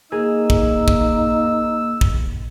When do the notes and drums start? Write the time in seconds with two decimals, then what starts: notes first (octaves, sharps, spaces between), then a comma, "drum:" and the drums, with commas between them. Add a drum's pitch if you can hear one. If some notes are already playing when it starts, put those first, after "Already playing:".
0.12 A#3 D#4 G#4 A#4 E6
0.50 drum: kick
0.88 drum: kick
2.01 drum: kick